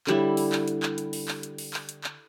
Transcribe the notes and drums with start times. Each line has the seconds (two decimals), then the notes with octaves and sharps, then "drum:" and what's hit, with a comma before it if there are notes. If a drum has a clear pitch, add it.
0.07 D3 G3 E4, drum: clap
0.37 drum: open hi-hat
0.52 drum: clap
0.68 drum: hi-hat
0.83 drum: clap
0.98 drum: hi-hat
1.13 drum: open hi-hat
1.28 drum: clap
1.43 drum: hi-hat
1.58 drum: open hi-hat
1.74 drum: clap
1.89 drum: hi-hat
2.04 drum: clap